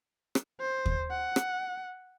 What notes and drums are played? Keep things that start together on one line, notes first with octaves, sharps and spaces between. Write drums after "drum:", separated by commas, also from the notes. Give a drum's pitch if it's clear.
drum: rim click
C5
drum: kick
F#5
drum: rim click